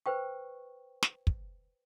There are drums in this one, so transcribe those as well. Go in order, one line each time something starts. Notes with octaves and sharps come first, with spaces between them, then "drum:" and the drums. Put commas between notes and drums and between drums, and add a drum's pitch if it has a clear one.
B4 C5 G5 C#6
drum: snare
drum: kick